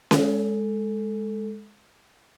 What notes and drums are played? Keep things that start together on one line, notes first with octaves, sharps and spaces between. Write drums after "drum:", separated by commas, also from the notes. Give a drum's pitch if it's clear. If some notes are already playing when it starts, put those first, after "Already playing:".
G#3 A4, drum: snare C#4